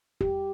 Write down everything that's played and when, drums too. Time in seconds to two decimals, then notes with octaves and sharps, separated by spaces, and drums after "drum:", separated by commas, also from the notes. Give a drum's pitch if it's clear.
0.21 G4, drum: kick E2